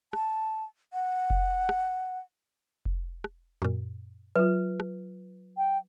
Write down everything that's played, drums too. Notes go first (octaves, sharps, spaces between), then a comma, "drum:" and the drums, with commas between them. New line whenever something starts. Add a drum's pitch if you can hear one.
A5, drum: rim click
F#5
drum: kick F1
drum: rim click
drum: kick F1
drum: rim click
F#2 A#2
F#3 F4 B4
drum: rim click
G5